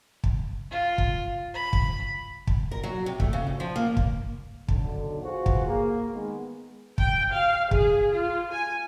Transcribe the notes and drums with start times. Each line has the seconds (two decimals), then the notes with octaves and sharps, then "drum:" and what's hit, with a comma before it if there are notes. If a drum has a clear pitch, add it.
0.24 drum: kick
0.71 F4
0.98 drum: kick
1.54 B5
1.73 drum: kick
2.47 drum: kick
2.71 A#4
2.84 F#3
3.06 C3
3.20 A3, drum: kick
3.33 C#3
3.47 D2
3.60 F3
3.76 A#3
3.97 drum: kick
4.68 B1 D3, drum: kick
5.22 F4 F#4 G#4 B4 C5 F#5
5.46 drum: kick
5.67 A#3 G#4
6.13 D#3 G#3 B3
6.98 G5, drum: kick
7.32 F5
7.71 G#4, drum: kick
8.11 F4
8.52 G#5